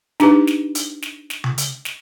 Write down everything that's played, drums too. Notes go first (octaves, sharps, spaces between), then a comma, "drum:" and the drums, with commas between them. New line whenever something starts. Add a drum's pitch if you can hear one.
D4 D#4 G4 B4, drum: snare
drum: snare
drum: hi-hat
drum: snare
drum: snare
drum: tom C#3
drum: hi-hat
drum: snare